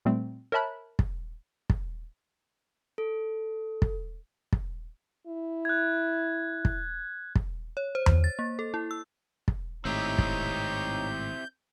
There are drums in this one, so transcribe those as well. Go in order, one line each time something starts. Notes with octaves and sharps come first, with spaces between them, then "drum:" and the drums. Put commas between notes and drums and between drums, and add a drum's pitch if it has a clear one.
A#2 G3 A3 C4
A#4 C#5 E5 A5 B5 F#6
drum: kick
drum: kick
A4
drum: kick
drum: kick
E4
F#6 G#6
drum: kick
drum: kick
C#5
C5
drum: tom E2
A6
A#3
A4
E4
E6
drum: kick
G#1 A2 C4 D#4 E4 G4 C#5 G6
drum: kick